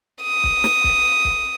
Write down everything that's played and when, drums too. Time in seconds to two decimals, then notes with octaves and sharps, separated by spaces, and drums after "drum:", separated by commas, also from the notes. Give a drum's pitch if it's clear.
0.23 D#6
0.44 drum: kick
0.64 drum: snare
0.84 drum: kick
1.25 drum: kick